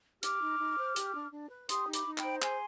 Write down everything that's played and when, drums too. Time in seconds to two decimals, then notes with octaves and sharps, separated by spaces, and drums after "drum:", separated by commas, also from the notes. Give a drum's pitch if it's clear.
0.23 G4 D6 F6, drum: hi-hat
0.41 D#4
0.60 D#4
0.78 C5
0.96 G4, drum: hi-hat
1.15 D4
1.33 D4
1.51 B4
1.69 G4 C6 D#6, drum: hi-hat
1.88 D#4
1.93 B5 D6, drum: hi-hat
2.06 D#4
2.18 G5 B5, drum: clap
2.24 C5
2.42 G#4 G#5 C6, drum: clap